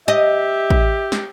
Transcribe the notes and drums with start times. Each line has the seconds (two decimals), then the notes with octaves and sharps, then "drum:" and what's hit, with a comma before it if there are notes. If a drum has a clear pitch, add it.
0.08 G4 D#5 E5
0.70 drum: kick A1
1.12 drum: snare